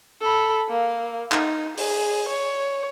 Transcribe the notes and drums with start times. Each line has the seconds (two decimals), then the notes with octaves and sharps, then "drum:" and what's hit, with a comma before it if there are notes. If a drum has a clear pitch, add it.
0.22 A4 B5
0.69 A#3 F5
1.32 D#4, drum: clap
1.77 G#4, drum: open hi-hat
2.29 C#5